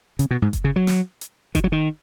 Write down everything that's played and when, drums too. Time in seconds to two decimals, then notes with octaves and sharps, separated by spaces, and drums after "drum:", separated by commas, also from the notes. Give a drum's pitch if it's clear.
0.19 C#3, drum: hi-hat
0.31 B2
0.42 G#2
0.53 drum: kick F#1, hi-hat
0.64 C#3
0.76 F#3
0.87 drum: snare
1.21 drum: hi-hat
1.55 D#3, drum: kick F#1, hi-hat
1.64 F#3
1.72 D#3